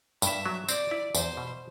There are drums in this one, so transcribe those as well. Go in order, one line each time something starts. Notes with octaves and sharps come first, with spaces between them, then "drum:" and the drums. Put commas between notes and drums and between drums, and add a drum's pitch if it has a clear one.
G2 E5, drum: tambourine
F#3
C4 D5, drum: tambourine
E4
E2 C5, drum: tambourine
B2